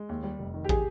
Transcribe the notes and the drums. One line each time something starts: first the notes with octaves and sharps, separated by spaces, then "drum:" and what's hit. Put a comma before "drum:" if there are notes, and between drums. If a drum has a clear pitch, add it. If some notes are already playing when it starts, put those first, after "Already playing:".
Already playing: G#3
D#2
G3
F1
D#3
G4
G#4, drum: kick